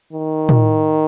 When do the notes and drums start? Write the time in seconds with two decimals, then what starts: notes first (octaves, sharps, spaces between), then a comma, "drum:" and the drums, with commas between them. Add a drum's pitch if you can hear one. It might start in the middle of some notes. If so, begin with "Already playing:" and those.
0.13 D#3
0.49 drum: tom